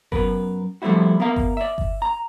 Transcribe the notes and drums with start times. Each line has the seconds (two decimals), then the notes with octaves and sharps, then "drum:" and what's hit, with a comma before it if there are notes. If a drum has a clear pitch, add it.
0.12 F#2 B3 A#4 B4, drum: kick G1
0.82 F3 G3 A3 C4 E4 F#4
1.20 B3 A#4 E5 F5 A#5
1.36 drum: kick G1
1.57 D5 E5
1.78 drum: kick G1
2.02 A#5